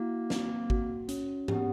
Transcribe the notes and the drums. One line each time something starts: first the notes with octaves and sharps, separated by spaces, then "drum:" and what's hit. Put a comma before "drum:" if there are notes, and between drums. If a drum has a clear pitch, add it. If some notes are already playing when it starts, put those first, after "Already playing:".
Already playing: A#3 E4 F#4
C4, drum: snare
F#4, drum: kick G#1
C#4, drum: hi-hat
B3 G4, drum: tom